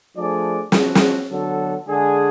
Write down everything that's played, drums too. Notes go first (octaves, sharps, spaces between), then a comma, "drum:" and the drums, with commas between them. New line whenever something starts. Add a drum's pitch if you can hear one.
F3 A3 D4 G#4 D5
F3 B3 F#4, drum: snare
drum: snare
D3 F#3 B3 F#4 A4
D3 G#3 D4 G#4